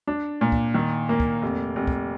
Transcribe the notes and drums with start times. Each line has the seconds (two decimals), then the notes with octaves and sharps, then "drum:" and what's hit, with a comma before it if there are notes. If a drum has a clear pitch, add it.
0.07 D4
0.41 A#2
0.52 drum: kick
0.74 D#3
1.09 A#3
1.20 drum: kick
1.42 F1
1.76 F1
1.87 drum: kick